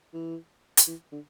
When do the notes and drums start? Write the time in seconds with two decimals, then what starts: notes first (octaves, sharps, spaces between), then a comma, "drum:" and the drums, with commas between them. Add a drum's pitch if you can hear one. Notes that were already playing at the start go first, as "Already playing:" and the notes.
0.14 E3
0.77 drum: hi-hat
0.87 E3
1.12 D3